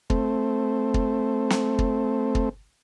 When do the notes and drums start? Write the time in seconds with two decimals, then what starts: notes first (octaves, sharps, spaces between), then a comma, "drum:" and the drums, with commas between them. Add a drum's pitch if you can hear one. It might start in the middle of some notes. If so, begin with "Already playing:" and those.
0.10 A3 C4, drum: kick
0.94 drum: kick
1.50 drum: snare
1.79 drum: kick
2.35 drum: kick